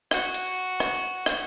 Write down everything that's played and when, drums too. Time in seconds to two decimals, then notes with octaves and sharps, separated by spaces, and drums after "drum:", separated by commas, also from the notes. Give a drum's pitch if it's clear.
0.11 F#4, drum: rim click
0.34 drum: hi-hat
0.80 drum: rim click
1.26 drum: rim click